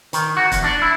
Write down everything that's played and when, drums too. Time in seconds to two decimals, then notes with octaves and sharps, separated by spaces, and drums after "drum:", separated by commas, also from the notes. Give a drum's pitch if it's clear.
0.13 D#3, drum: hi-hat
0.37 F#4
0.52 E2, drum: kick, hi-hat
0.64 D4
0.82 E4